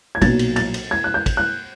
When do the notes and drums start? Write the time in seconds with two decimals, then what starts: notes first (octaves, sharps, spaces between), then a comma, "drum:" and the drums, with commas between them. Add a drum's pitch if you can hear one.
0.15 G#6
0.22 B1 A#2 F#3 A6, drum: kick, cymbal
0.39 drum: cymbal
0.56 A6, drum: cymbal
0.74 drum: cymbal
0.91 G#6
1.04 F#6
1.14 G6
1.26 drum: kick, cymbal
1.37 F#6